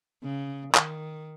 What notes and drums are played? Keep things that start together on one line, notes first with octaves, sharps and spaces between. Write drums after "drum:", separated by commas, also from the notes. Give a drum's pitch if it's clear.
C#3
D#3, drum: clap